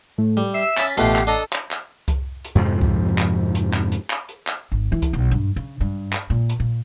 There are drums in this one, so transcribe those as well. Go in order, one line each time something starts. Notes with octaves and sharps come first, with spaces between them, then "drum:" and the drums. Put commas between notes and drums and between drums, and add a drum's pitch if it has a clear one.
A2 A3
G3
E5 E6 C7
C#4 A6 B6, drum: clap
A1 B2 A3 F4 G4 F#5 C7, drum: hi-hat
drum: clap
D4 A4 D#5 A#5
drum: clap
drum: clap
drum: kick C2, hi-hat
drum: hi-hat
F2 G#2 C3 F3
drum: kick C2
drum: clap
drum: hi-hat
drum: clap
drum: hi-hat
drum: clap
drum: hi-hat
drum: clap
G#1
E3
drum: kick C2, hi-hat
B1
G2
C#3
G2
drum: clap
A#2
drum: hi-hat
A#2